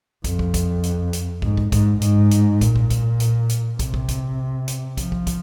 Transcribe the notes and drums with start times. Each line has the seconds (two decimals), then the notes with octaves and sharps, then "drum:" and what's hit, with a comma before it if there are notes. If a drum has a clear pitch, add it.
0.24 F2, drum: kick, hi-hat
0.39 drum: kick
0.54 drum: kick, hi-hat
0.84 drum: hi-hat
1.13 drum: hi-hat
1.42 G#2, drum: kick
1.57 drum: kick
1.72 G#2, drum: kick, hi-hat
2.02 G#2, drum: hi-hat
2.31 drum: hi-hat
2.61 A#2, drum: kick, hi-hat
2.76 drum: kick
2.90 drum: kick, hi-hat
3.20 drum: hi-hat
3.49 drum: hi-hat
3.79 C3, drum: kick, hi-hat
3.94 drum: kick
4.09 drum: kick, hi-hat
4.68 drum: hi-hat
4.97 F3, drum: kick, hi-hat
5.12 drum: kick
5.27 drum: kick, hi-hat